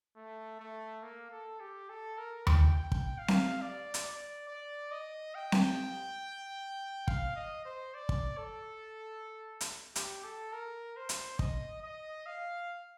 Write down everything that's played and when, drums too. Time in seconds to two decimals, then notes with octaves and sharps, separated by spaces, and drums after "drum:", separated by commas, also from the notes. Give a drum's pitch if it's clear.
0.16 A3
0.60 A3
1.03 A#3
1.31 A4
1.61 G4
1.89 A4
2.18 A#4
2.47 G5, drum: tom D#2
2.76 G5
2.92 drum: kick
3.19 F5
3.28 drum: snare C4
3.62 D5
3.94 drum: hi-hat
4.05 D5
4.48 D5
4.92 D#5
5.35 G5
5.52 drum: snare C4
7.08 F5, drum: kick
7.36 D#5
7.65 C5
7.94 D5
8.09 drum: kick
8.37 A4
9.61 drum: hi-hat
9.96 G4, drum: hi-hat
10.24 A4
10.53 A#4
10.97 C5
11.09 drum: hi-hat
11.39 D#5, drum: kick
11.83 D#5
12.26 F5